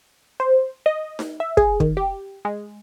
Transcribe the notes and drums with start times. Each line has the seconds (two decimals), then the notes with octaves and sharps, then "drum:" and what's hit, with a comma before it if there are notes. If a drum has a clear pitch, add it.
0.40 C5
0.86 D#5
1.19 drum: snare D#4
1.40 E5
1.57 G#4, drum: kick
1.80 D#3, drum: kick
1.97 G4
2.45 G#3